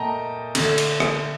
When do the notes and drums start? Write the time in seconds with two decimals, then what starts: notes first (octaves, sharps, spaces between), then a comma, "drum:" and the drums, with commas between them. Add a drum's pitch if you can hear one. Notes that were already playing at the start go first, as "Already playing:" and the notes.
Already playing: A#2 A3 D#5 G5 A5 A#5
0.55 D3 A3, drum: cymbal
0.78 drum: cymbal
1.00 drum: rim click